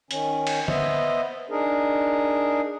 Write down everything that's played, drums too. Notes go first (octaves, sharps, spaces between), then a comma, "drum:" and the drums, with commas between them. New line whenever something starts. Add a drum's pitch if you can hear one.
D#3 C#4, drum: hi-hat
drum: cymbal
B3 C5 D#5 E5, drum: tom D3
D4 D#4 G#4 A#4